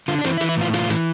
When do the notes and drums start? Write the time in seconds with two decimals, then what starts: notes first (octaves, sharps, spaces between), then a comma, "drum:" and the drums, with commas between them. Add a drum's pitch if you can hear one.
0.08 D3 F4
0.19 D4
0.24 E3 C4, drum: hi-hat
0.37 E4
0.41 E3, drum: hi-hat
0.49 E4
0.57 A2 F4
0.74 E3 F4, drum: hi-hat
0.90 E3, drum: hi-hat